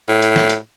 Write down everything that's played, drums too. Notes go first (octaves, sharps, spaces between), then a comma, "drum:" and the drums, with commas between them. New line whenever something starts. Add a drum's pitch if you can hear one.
A2
drum: hi-hat
drum: snare
drum: hi-hat